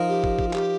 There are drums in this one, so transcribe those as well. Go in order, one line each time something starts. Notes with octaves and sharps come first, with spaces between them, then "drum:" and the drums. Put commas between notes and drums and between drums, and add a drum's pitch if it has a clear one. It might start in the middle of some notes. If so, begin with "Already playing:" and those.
Already playing: F3 D#4 A#4
G4
drum: kick
drum: kick
F4
G4, drum: clap